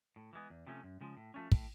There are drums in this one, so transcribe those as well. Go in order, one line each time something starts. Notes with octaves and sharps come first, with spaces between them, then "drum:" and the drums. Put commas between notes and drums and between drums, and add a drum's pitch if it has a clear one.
A2
E3 G#3 B3
E2
C3 F3 A3 C#4
F#2
C#3 F3 G#3
A2
F3 A3 C#4
A2, drum: kick